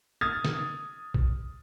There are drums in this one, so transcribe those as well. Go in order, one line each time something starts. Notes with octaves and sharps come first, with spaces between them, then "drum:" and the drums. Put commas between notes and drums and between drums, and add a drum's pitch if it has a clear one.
D#6 F6 G#6 A6
drum: snare
drum: kick